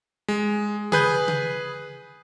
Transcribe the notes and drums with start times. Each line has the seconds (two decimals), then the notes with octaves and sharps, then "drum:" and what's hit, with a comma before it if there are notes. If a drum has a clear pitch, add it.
0.28 G#3
0.92 G#4 B4 G6, drum: tom C#3
1.28 drum: tom C#3